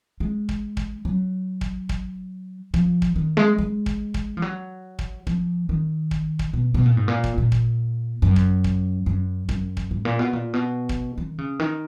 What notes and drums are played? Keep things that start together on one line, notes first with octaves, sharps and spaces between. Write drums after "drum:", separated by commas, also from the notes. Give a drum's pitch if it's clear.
G#3
drum: kick
drum: kick
F#3
drum: kick
drum: kick
F3, drum: kick
drum: kick
D#3
G#3
G#3
drum: kick
drum: kick
F3
F#3
drum: kick
F3, drum: kick
D#3
drum: kick
drum: kick
B2
B2
A#2
G#2
A#2
drum: kick
A#2
drum: kick
F#2
drum: kick
drum: kick
F#2
F#2, drum: kick
drum: kick
G#2
A#2
B2
A#2
B2
drum: kick
D#3
C#3
D#3